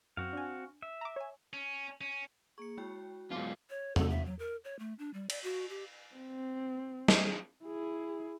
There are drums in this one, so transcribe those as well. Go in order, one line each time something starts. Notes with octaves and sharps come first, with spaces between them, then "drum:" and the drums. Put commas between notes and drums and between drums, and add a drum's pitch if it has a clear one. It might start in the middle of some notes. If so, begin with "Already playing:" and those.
F#2 C4 F#4 F5
D4 G#5
E5
A#5 D6
C#5 G#5
C#4
C#4
A#3 G#4 C#6 C#7
G#3 E4 F#4 G5
G#2 F#3 B3 F4 D6
C#5
A4, drum: tom E2
E5
F#3
A#4
C#5
A3
D4
G3
D5, drum: cymbal
F#4
G4
C4
drum: snare
E4 G#4